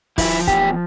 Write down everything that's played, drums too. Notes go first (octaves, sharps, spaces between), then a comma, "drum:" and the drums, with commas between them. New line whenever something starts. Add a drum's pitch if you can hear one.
F3 E4, drum: kick, open hi-hat
E2 G4, drum: kick, hi-hat